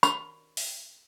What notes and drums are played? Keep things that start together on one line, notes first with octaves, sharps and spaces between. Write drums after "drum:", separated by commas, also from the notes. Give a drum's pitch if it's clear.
B5, drum: tambourine
drum: open hi-hat